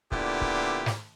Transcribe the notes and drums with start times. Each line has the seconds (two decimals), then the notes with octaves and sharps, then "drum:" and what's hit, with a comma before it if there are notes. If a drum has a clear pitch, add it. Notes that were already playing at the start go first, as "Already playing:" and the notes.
0.12 A#2 D3 B3 D4 E4 G4, drum: kick C#1
0.41 drum: kick C#1
0.86 drum: snare